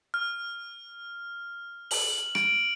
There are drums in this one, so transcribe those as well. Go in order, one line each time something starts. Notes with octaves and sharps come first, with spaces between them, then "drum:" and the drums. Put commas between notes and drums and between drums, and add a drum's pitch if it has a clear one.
F6
F#7, drum: open hi-hat
D7, drum: rim click